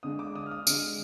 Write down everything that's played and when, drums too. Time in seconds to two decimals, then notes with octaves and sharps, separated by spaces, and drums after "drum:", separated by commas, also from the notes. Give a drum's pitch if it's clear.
0.03 D3 G#3 D#6
0.19 D6
0.35 D#6
0.46 F6
0.51 D#6
0.67 D3 G#3 F6, drum: tambourine